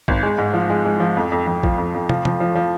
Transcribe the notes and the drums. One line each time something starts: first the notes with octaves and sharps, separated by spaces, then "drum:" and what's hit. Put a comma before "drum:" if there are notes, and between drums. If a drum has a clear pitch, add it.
G#1, drum: kick
G#3
G#2
F3
G#3
G#3
F3
F2
F2
F2
F3, drum: kick
F2
F2
F3, drum: tom
F3, drum: tom
F3
F3